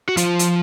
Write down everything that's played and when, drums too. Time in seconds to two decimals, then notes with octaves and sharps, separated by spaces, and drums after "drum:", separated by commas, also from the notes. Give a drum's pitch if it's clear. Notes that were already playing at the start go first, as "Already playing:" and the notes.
0.09 F#4
0.17 F3 F4, drum: hi-hat
0.39 drum: hi-hat